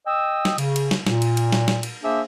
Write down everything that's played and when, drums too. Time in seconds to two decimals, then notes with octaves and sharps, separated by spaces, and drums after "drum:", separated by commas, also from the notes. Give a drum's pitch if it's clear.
0.07 D#5 G5 D#6 E6
0.45 drum: snare
0.58 C#3, drum: cymbal
0.76 drum: cymbal
0.91 drum: snare
1.07 A#2, drum: snare
1.22 drum: cymbal
1.37 drum: cymbal
1.52 drum: snare
1.68 drum: snare
1.83 drum: cymbal
2.03 A#3 D4 G#4 C5 E5